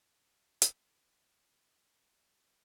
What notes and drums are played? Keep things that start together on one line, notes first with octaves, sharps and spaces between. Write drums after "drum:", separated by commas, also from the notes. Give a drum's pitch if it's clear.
A2
A#2
drum: hi-hat
D3
C3
A#2
C3
C3
D3
E3
F3